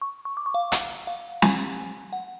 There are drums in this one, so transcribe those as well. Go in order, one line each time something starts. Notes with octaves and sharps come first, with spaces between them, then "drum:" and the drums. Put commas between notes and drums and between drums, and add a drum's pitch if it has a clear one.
C#6
C#6
D6
C#6
F5
F#5, drum: hi-hat
F5
G#5, drum: snare
F#5